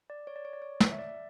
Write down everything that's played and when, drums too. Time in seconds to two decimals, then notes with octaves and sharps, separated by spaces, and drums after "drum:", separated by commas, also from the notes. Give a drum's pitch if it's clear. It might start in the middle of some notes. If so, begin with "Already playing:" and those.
0.10 D5
0.27 C#5
0.36 D5
0.45 C#5
0.53 D5
0.62 C#5
0.80 drum: snare
0.91 E5
0.99 D5